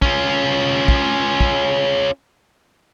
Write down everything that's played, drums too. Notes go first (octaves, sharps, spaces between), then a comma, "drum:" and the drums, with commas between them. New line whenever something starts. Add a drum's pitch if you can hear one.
C#4 F4, drum: kick
drum: kick
drum: kick